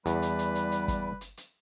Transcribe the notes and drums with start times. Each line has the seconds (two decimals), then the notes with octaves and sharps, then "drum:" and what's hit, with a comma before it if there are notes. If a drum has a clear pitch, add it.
0.06 E2 G3 B4, drum: hi-hat
0.22 drum: hi-hat
0.39 drum: hi-hat
0.55 drum: hi-hat
0.72 drum: hi-hat
0.88 drum: kick G1, hi-hat
1.21 drum: hi-hat
1.37 drum: hi-hat